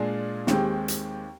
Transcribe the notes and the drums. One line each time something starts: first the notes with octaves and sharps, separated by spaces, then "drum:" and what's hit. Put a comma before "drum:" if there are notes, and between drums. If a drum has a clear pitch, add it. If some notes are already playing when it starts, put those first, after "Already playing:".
Already playing: A#2 G#3 D4 F4 G#4
D#2 D#3 G#3 C4 G4, drum: snare
drum: hi-hat